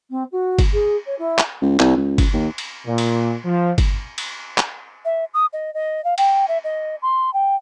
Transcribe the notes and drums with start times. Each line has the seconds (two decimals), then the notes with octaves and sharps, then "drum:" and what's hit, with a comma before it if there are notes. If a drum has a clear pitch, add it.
0.10 C4
0.32 F#4
0.59 drum: kick G1, cymbal
0.72 G#4
1.06 C#5
1.18 E4
1.38 drum: clap
1.62 C#2
1.79 C2, drum: clap
1.97 C#2
2.18 drum: kick G1, cymbal
2.33 D#2
2.58 drum: cymbal
2.85 A#2
2.98 drum: cymbal
3.44 F3
3.78 drum: kick G1, cymbal
4.18 drum: cymbal
4.58 drum: clap
5.05 E5
5.34 D#6
5.53 D#5
5.74 D#5
6.04 F5
6.18 G5, drum: cymbal
6.48 E5
6.64 D#5
7.02 C6
7.34 G5